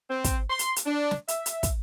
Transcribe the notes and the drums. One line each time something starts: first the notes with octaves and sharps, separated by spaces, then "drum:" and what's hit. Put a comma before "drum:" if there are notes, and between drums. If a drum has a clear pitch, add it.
C4
drum: kick, hi-hat
C6
drum: hi-hat
drum: hi-hat
D4
drum: snare
E5, drum: hi-hat
drum: hi-hat
drum: kick, hi-hat